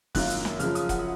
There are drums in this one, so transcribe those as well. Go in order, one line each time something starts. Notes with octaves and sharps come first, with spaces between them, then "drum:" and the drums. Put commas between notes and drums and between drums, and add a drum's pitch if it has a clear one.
F#2 D#3 A#3 F4 F#6, drum: kick F1, open hi-hat
drum: hi-hat
drum: snare
F#2 C#3 F3 F6, drum: hi-hat
D#6, drum: hi-hat
F#5, drum: kick F1, hi-hat